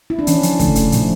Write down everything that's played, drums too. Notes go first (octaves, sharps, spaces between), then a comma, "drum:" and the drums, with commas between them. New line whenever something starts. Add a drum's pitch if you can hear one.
E4
D4
E3 C#4, drum: hi-hat
F3, drum: hi-hat
D3 A3, drum: kick, hi-hat
C#3, drum: hi-hat
A#2 F3, drum: hi-hat